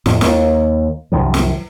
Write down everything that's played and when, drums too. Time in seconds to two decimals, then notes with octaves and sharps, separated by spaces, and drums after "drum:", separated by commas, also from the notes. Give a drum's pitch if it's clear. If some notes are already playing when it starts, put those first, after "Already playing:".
0.06 F2 A2, drum: snare
0.21 D#2 D#3, drum: snare
1.12 C2 F#2 D#3 F3
1.34 drum: snare